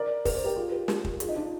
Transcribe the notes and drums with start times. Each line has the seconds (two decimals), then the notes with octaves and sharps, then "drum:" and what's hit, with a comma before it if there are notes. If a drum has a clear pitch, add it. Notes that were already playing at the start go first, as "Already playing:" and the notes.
Already playing: A#4 D5
0.25 A#4, drum: kick, open hi-hat
0.34 C5
0.45 G4 A#4
0.56 F4 G#4
0.72 G4 A#4
0.88 G4 A#4, drum: snare
1.05 drum: kick
1.20 F4 G#4, drum: hi-hat
1.29 D#4
1.36 D4 F4